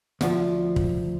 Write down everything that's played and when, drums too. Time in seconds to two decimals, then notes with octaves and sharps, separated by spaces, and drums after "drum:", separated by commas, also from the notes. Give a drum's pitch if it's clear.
0.21 D2 F3, drum: snare
0.76 drum: kick